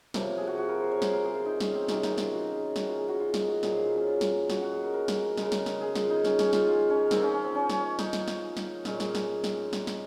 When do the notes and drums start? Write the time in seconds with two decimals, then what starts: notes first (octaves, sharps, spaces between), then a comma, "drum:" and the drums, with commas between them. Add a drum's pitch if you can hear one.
0.14 C3 F3 A#3 C#5, drum: snare
0.37 G#4
0.47 F#4
0.58 F#4
0.68 A#4
0.80 C5
0.91 C#5
1.02 C5, drum: snare
1.13 A#4
1.24 G#4
1.35 F4
1.45 D#4
1.60 C#4, drum: snare
1.75 C4
1.88 C3 D#3 F#3 A#3 C#4, drum: snare
2.03 D#4, drum: snare
2.18 F4, drum: snare
2.33 F#4
2.54 G#4
2.76 F#4, drum: snare
2.87 F4
2.97 G#4
3.08 F#4
3.19 F4
3.34 D#4, drum: snare
3.48 F#4
3.63 A#2 F#3 A#3 G#4, drum: snare
3.74 C5
3.85 F4
3.95 C#4
4.07 F4
4.21 drum: snare
4.50 F#4, drum: snare
4.61 F#4
4.72 G#4
4.83 A#4
4.94 A#4
5.08 drum: snare
5.37 C#3 G#3, drum: snare
5.52 drum: snare
5.66 drum: snare
5.81 G#4
5.95 F4, drum: snare
6.10 D#4
6.24 C#4, drum: snare
6.39 C#4, drum: snare
6.53 F4, drum: snare
6.69 F4
6.90 C#4
7.11 D#3 A#3 C4, drum: snare
7.22 C#4
7.33 C#4
7.44 C4
7.55 C#4
7.70 drum: snare
7.99 D#4, drum: snare
8.13 drum: snare
8.28 drum: snare
8.57 drum: snare
8.85 A#2 G#3 C#4, drum: snare
9.00 C#4, drum: snare
9.15 drum: snare
9.44 drum: snare
9.73 drum: snare
9.87 drum: snare